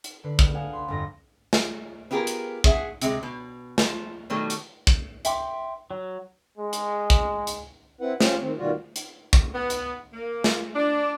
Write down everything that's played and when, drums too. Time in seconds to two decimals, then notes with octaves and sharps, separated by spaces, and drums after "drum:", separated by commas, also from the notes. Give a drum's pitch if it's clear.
0.04 drum: hi-hat
0.23 D3 B4 C7
0.39 F6, drum: kick
0.55 F5 F#5 G#5 D#6
0.73 B5 C6
0.88 G1 F2 A#6
1.53 drum: snare
2.11 B3 F4 G4 G#4 A#4
2.27 drum: hi-hat
2.64 G#4 E5 F#5 G#5, drum: kick
3.02 C3 G#3, drum: hi-hat
3.23 B2
3.78 F3, drum: snare
4.30 B2 D#3 F#3 G3 A3
4.50 drum: hi-hat
4.87 drum: kick
5.25 E5 G5 C6 D6, drum: hi-hat
5.91 F#3
6.58 G#3
6.73 drum: hi-hat
7.10 drum: kick
7.47 drum: hi-hat
8.01 C4 E4 B4 F#5
8.20 C#4 F4 G4 C5, drum: snare
8.40 D#3 C4
8.58 B2 D#3 G3 F4 F#4
8.96 drum: hi-hat
9.33 drum: kick
9.54 B3
9.70 drum: hi-hat
10.14 A#3
10.44 drum: snare
10.75 D4